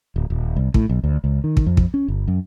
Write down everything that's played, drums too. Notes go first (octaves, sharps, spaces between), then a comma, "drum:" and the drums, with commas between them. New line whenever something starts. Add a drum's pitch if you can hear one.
D1
D#1
C2
A2, drum: kick
B1
D2
C#2
D#3
drum: kick
F2
drum: kick
C#4
G1
F#2